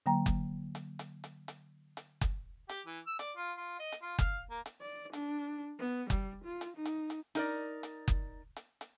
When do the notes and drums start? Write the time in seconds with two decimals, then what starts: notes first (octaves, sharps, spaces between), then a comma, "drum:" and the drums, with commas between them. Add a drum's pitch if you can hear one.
0.06 D3 F#3 A#3 G5 A#5
0.26 drum: kick F#1, hi-hat
0.75 drum: hi-hat
0.99 drum: hi-hat
1.24 drum: hi-hat
1.48 drum: hi-hat
1.97 drum: hi-hat
2.21 drum: kick F#1, hi-hat
2.69 G4, drum: hi-hat
2.86 E3
3.07 E6
3.19 D5, drum: hi-hat
3.37 F4
3.57 F4
3.79 D#5
3.92 drum: hi-hat
4.02 F4
4.19 F5, drum: kick F#1, hi-hat
4.50 A#3
4.66 drum: hi-hat
4.81 D5
5.13 D4, drum: hi-hat
5.79 B3
6.10 G3, drum: kick F#1, hi-hat
6.44 F4
6.61 drum: hi-hat
6.76 D#4
6.85 drum: hi-hat
7.10 drum: hi-hat
7.35 D#4 A#4 D5, drum: hi-hat
7.83 drum: hi-hat
8.08 drum: kick F#1
8.56 drum: hi-hat
8.81 drum: hi-hat